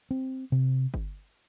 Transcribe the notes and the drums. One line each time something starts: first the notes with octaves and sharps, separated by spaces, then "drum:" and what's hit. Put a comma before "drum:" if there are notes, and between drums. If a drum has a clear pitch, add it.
C4
C3
drum: kick G1